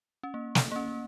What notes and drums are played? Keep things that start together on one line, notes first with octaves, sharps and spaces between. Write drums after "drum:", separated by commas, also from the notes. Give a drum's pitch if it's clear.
C#4
A#3
drum: snare
A#3
C#4